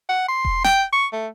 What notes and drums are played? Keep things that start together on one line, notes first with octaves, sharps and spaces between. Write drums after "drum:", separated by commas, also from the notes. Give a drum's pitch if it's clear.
F#5
C6
drum: kick E1
G5, drum: snare
C#6
A3